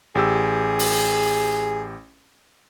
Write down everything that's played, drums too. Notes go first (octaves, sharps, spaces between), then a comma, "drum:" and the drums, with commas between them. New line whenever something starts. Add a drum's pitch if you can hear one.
A1 G4 G#4 E6
drum: open hi-hat